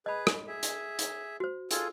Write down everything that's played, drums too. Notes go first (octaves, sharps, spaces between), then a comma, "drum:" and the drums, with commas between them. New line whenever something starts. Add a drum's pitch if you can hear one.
G#4 B4 D#5 B5
drum: rim click
G#4 E5
drum: hi-hat
drum: hi-hat
F#4 C5
F4 G#4 A4, drum: hi-hat